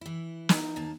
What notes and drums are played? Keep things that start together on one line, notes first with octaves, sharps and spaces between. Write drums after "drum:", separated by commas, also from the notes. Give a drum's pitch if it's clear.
E3 E4
D#4, drum: snare
D#2 A#3 A5